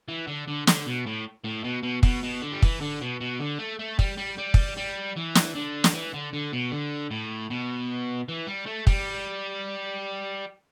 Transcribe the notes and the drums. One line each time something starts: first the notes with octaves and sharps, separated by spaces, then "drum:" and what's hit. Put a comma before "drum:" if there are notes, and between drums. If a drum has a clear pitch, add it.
E3
D3
D3
D3, drum: snare
B2
A2
A2
B2
B2
B2, drum: kick
B2
D3
G3
E3, drum: kick
D3
B2
B2
D3
A3
A3
G3, drum: kick
G3
G3
drum: kick
G3
E3
drum: snare
D3
drum: snare
E3
D3
D3
B2
D3
A2
B2
E3
G3
A3
G3, drum: kick